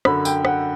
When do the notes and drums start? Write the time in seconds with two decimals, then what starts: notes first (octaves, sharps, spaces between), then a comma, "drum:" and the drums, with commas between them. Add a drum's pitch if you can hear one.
0.05 F#2 D3 B5, drum: rim click
0.25 G5, drum: tambourine
0.45 F#5, drum: rim click